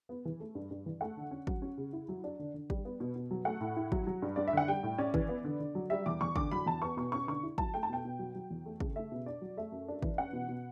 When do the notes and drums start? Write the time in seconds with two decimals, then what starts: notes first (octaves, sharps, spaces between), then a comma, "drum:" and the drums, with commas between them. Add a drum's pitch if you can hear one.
0.09 B3
0.25 E3
0.40 A3
0.55 G2
0.71 G2
0.86 E3
1.01 A3 F#5
1.17 D3
1.31 C#4
1.47 F#3, drum: kick
1.62 C#4
1.77 C#3
1.93 E4
2.09 F#3
2.24 D4
2.39 D3
2.54 D3
2.70 G3, drum: kick
2.85 B3
3.00 B2
3.16 B2
3.31 F#3
3.45 A3 F#5
3.61 A2
3.77 E4
3.92 F#3, drum: kick
4.07 F#3
4.22 G2
4.36 G2 D5
4.48 E5
4.53 D3 F#5
4.68 G3 G5
4.83 A2
4.98 C#4 D5
5.14 E3, drum: kick
5.29 B3
5.44 D3
5.60 D3
5.75 F#3
5.90 G3 E5
6.06 E2 D6
6.21 E2 C#6
6.36 D3 D6, drum: kick
6.51 F#3 B5
6.66 E2 A5
6.82 B3 C#6
6.97 B2 C#6
7.12 C#4 C#6
7.27 D3 C#6
7.43 E4
7.58 F#3 A5, drum: kick
7.74 A3 G5
7.83 A5
7.89 B2 G5
8.05 B2
8.19 F#3
8.35 F#3
8.50 E2
8.66 A3
8.80 C#3, drum: kick
8.95 A3 E5
9.12 B2
9.26 D4 D5
9.41 F#3
9.57 A3 E5
9.72 F#2
9.88 D4
10.03 E3, drum: kick
10.18 C#4 F#5
10.33 B2
10.48 B2